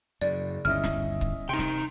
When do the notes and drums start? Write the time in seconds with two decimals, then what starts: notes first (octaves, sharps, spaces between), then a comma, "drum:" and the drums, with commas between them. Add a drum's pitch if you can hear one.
0.21 F#1 F#2 D5
0.65 G1 D#2 C#4 E4 D#5 F6
0.84 drum: snare
1.21 drum: kick C#1
1.49 C3 D#4 G5 C6
1.59 drum: snare